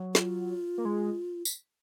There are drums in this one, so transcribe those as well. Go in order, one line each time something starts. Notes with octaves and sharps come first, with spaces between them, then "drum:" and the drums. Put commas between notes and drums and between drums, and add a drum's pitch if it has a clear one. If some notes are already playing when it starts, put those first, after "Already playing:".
Already playing: F#3
F4, drum: snare
A#3
G#3
drum: tambourine